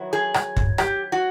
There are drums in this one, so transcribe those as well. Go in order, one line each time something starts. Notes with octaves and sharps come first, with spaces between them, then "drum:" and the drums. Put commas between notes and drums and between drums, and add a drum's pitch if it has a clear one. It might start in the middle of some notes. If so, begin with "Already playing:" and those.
Already playing: D#3 F#3 B3 E4
G#4
drum: rim click
drum: kick
G4, drum: rim click
F#4